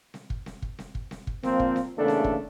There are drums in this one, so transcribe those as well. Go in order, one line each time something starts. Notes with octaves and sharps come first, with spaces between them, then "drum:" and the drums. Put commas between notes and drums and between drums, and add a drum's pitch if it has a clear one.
drum: snare C4
drum: kick
drum: snare C4
drum: kick
drum: snare C4
drum: kick
drum: snare C4
drum: kick
A#2 F3 A#3 C4, drum: snare C4
drum: kick
drum: snare C4
E2 C#3 A3 A#3 D4 A4
drum: snare C4
drum: kick